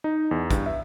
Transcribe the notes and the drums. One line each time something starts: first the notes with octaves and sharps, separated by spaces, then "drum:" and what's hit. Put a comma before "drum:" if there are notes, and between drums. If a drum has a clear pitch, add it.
D#4
E2
G2, drum: kick, hi-hat
E5